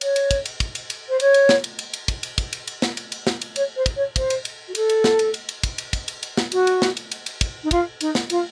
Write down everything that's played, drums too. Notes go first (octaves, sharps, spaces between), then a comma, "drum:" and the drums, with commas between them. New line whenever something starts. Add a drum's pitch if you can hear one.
C#5, drum: cymbal
drum: cymbal
drum: kick, cymbal
drum: cymbal
drum: kick, cymbal
drum: cymbal
drum: cymbal
C5
C#5, drum: cymbal
drum: cymbal
drum: snare
drum: cymbal
drum: cymbal
drum: cymbal
drum: kick, cymbal
drum: cymbal
drum: kick, cymbal
drum: cymbal
drum: cymbal
drum: snare
drum: cymbal
drum: cymbal
drum: snare
drum: cymbal
C#5, drum: cymbal
C5
drum: kick, cymbal
C#5
C5, drum: kick, cymbal
drum: cymbal
drum: cymbal
F#4
A4, drum: cymbal
drum: cymbal
drum: snare
drum: cymbal
drum: cymbal
drum: cymbal
drum: kick, cymbal
drum: cymbal
drum: kick, cymbal
drum: cymbal
drum: cymbal
drum: snare
F#4, drum: cymbal
drum: cymbal
drum: snare
drum: cymbal
drum: cymbal
drum: cymbal
drum: kick, cymbal
D#4
F4, drum: kick, cymbal
D#4, drum: cymbal
drum: snare
F4, drum: cymbal